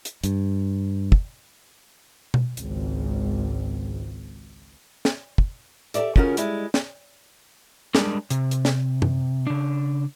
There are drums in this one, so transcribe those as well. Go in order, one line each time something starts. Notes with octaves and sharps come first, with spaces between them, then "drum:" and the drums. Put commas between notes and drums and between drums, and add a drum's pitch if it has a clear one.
drum: hi-hat
G2, drum: hi-hat
drum: kick
drum: tom B2
G#1 C#2, drum: hi-hat
drum: snare
drum: kick
G4 A4 A#4 D5 E5, drum: hi-hat
C#3 C#4 F4 F#4 G#4 A#4, drum: kick
G3 G#3 E4, drum: hi-hat
drum: snare
G3 G#3 D4 G#4 A#4 D5, drum: snare
C3, drum: hi-hat
drum: hi-hat
drum: snare
drum: tom F#2
C#3 D4